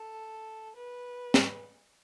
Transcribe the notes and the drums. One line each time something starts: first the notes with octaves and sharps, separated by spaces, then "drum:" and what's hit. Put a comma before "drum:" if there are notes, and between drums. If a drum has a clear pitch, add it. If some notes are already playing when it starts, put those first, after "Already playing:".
Already playing: A4
B4
drum: snare